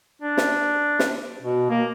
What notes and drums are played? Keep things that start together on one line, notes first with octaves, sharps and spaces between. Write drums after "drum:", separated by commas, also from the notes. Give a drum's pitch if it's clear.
D4
drum: snare
drum: snare
B2
A#3